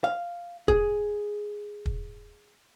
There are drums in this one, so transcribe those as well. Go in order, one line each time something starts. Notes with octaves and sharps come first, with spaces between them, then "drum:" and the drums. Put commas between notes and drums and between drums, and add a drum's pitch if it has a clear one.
F5
G#4, drum: kick
drum: kick